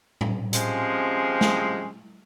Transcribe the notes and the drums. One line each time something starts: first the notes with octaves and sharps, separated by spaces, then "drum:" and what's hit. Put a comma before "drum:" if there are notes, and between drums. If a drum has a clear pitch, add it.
drum: tom
C3 F3 G#3 C4 C#4 G#4, drum: hi-hat
drum: snare A3